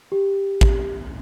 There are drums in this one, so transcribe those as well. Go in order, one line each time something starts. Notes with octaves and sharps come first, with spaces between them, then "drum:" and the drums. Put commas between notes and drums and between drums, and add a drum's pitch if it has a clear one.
G4
drum: kick A1